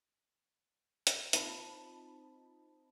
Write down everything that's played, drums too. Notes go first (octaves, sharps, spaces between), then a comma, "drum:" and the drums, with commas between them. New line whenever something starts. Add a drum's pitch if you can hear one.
drum: hi-hat
C4 D#4 F4 A5 B5, drum: hi-hat